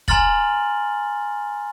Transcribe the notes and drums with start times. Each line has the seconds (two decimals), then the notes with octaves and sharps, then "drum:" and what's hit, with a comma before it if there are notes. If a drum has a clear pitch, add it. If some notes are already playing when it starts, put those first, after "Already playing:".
0.08 G#5 A#5 C6 F6 A6 F#7, drum: kick